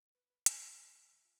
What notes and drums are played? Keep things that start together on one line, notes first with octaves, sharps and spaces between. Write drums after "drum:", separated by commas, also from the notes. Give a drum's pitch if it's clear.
B4
B4
C#5, drum: hi-hat
A#3
F#6
E5
G2
F4